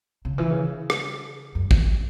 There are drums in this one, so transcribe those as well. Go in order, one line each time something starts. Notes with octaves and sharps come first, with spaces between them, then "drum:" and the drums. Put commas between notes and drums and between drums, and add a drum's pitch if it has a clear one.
C#3
E3
C#3
drum: rim click
F#2
F#2, drum: kick